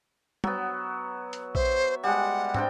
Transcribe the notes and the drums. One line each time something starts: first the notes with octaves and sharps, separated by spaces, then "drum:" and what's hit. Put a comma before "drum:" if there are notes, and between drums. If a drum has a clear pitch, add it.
F#3 B3, drum: tom
drum: hi-hat
C5 E5, drum: kick A#1
G3 G#3 F#5
C4 D4 G5, drum: tom